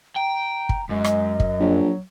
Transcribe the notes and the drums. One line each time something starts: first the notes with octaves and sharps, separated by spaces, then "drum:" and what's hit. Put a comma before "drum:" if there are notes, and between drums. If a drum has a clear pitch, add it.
G5 A#5
drum: kick
F#2 G#3 D#5
drum: rim click
drum: kick
A#1 F#3